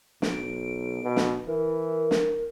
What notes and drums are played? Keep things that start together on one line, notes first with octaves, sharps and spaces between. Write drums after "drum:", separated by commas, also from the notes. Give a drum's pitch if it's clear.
B1 D7, drum: snare
B2
drum: snare
E3 A#4
drum: snare